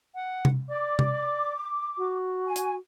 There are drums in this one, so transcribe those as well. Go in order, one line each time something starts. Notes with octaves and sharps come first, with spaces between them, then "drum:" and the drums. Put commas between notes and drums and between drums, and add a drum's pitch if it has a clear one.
F#5
drum: tom C3
D5 D6
drum: tom C3
F#4
G#5
drum: hi-hat